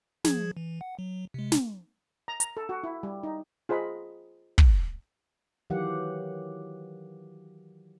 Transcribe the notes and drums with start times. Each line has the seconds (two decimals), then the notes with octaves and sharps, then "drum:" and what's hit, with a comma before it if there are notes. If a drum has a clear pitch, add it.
0.25 F3 G#4 G#6, drum: snare
0.57 E3
0.81 F#5
0.99 F#3
1.34 C3 G#3
1.52 drum: snare
2.28 A#5
2.40 A#5, drum: hi-hat
2.57 A4
2.69 F#4
2.84 E4
3.03 G3
3.23 D#4
3.69 F4 G#4 C5 D#5 B5
4.58 drum: kick
5.70 D#3 E3 F#3 G4 F5 F#5